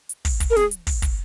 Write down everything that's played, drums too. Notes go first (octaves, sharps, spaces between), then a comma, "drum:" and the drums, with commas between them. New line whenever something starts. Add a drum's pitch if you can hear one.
drum: hi-hat
drum: kick, open hi-hat
drum: kick, hi-hat
A#4
G#4, drum: snare
drum: hi-hat
drum: kick, open hi-hat
drum: kick, hi-hat